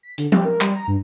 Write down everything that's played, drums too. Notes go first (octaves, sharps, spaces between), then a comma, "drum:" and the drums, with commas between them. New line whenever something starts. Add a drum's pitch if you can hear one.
B6
D3, drum: hi-hat
G4, drum: tom F3
A#4
G3, drum: clap
A#5
G2